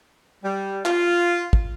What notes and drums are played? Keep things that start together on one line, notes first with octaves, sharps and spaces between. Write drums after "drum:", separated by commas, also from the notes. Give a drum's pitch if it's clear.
G3
F4, drum: clap
drum: kick